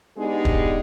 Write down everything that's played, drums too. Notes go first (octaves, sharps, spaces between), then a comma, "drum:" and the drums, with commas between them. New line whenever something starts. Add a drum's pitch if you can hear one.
G#3 B3 D4 D#4 G4 G#4
drum: kick